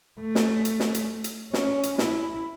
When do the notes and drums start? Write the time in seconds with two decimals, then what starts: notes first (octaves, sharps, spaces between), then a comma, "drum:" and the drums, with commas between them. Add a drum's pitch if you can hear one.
0.21 A3
0.35 drum: snare
0.65 drum: hi-hat
0.80 drum: snare
0.94 drum: hi-hat
1.24 drum: hi-hat
1.53 C#4, drum: snare
1.83 drum: hi-hat
1.98 E4, drum: snare